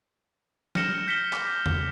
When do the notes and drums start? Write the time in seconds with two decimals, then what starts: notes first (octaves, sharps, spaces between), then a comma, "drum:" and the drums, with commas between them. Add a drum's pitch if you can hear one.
0.75 F6 G6 A#6 C#7 E7 G7, drum: snare
1.07 F6 G6 B6 C#7 E7 G7
1.33 D6, drum: clap
1.66 drum: tom E2